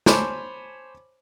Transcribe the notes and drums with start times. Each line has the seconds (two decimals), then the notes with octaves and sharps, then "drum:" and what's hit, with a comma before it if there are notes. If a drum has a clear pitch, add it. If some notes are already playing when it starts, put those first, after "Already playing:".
0.06 C5 C#5 G#5 A5 B5 D6, drum: snare